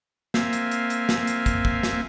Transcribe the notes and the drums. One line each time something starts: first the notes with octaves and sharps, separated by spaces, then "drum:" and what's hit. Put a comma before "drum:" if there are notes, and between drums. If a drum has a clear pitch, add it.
A#3 C4 E5 F5 G#5, drum: snare
drum: hi-hat
drum: hi-hat
drum: hi-hat
drum: snare
drum: hi-hat
drum: kick, hi-hat
drum: kick
drum: snare